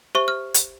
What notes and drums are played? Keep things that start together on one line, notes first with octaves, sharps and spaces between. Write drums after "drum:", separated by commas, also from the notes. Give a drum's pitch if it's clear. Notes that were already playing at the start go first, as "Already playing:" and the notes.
G4 C5 E5 C#6
F6
drum: hi-hat